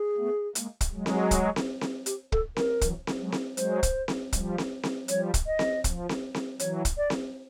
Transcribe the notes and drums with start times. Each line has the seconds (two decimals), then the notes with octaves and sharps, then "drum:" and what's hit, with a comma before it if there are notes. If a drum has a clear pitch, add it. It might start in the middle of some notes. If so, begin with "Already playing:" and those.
Already playing: G#4
0.17 A3 B3
0.55 G#3 A#3, drum: hi-hat
0.81 drum: kick, hi-hat
0.93 F#3 G#3
1.06 drum: snare C4
1.31 drum: kick, hi-hat
1.56 drum: snare C4
1.81 drum: snare C4
2.06 G4, drum: hi-hat
2.32 A4, drum: kick
2.56 A#4, drum: snare C4
2.81 E3 F#3, drum: kick, hi-hat
3.07 drum: snare C4
3.20 F#3 G#3
3.32 drum: snare C4
3.57 F#3 G#3 C5, drum: hi-hat
3.83 drum: kick, hi-hat
4.08 drum: snare C4
4.33 F3 G3, drum: kick, hi-hat
4.58 drum: snare C4
4.83 drum: snare C4
5.08 F3 G3 C#5, drum: hi-hat
5.34 drum: kick, hi-hat
5.46 D#5
5.59 drum: snare C4
5.84 F3, drum: kick, hi-hat
6.09 drum: snare C4
6.34 drum: snare C4
6.59 E3 F#3 C#5, drum: hi-hat
6.85 drum: kick, hi-hat
6.97 D5
7.10 drum: snare C4